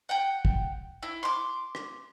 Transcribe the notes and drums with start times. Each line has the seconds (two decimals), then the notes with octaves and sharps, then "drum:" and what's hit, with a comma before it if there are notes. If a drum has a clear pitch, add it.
0.09 F#5 G5
0.45 drum: kick
1.03 E4
1.23 C6 D6
1.75 drum: rim click